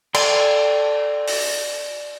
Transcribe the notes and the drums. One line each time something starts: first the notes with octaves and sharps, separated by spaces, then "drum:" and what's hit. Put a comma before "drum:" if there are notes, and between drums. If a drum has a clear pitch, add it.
A4 D5 G5 C6, drum: cymbal
drum: open hi-hat